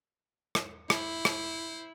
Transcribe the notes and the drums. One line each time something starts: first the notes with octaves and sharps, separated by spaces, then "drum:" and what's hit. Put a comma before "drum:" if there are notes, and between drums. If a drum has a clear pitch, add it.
drum: rim click
E4 C5, drum: rim click
drum: rim click